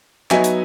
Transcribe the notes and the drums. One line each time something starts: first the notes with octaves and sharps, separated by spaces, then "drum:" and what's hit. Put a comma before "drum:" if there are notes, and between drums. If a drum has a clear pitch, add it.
F#3 B3 D#4 E5 G#5, drum: clap
drum: hi-hat